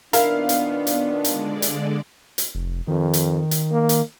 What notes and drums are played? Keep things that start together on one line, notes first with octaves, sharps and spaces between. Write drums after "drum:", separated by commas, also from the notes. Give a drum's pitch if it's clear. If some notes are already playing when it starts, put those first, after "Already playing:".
A#2 D#3 B3 D4 E4 A#4 F5, drum: hi-hat
drum: hi-hat
drum: hi-hat
D3 G#3 D5, drum: hi-hat
drum: hi-hat
drum: hi-hat
F1
F2 D#3
drum: hi-hat
drum: hi-hat
A#3
drum: hi-hat